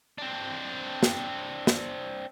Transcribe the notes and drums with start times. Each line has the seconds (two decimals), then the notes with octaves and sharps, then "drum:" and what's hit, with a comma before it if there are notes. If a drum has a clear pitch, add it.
0.18 C4 D4
1.03 drum: snare
1.67 drum: snare